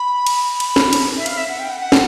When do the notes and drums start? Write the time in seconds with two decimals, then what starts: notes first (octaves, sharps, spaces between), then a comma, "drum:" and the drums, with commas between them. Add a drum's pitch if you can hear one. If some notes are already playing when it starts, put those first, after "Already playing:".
Already playing: B5
0.27 drum: cymbal
0.60 B5, drum: cymbal
0.76 drum: snare
0.93 drum: cymbal
1.17 E5
1.26 F5, drum: cymbal
1.37 E5
1.48 F#5
1.59 G5
1.70 F#5
1.80 F#5
1.92 drum: snare